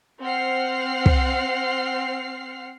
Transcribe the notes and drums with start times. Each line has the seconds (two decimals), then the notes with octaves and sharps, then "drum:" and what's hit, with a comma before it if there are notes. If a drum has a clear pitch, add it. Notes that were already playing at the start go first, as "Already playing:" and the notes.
0.21 C4 F#5 F6 C7
1.06 drum: kick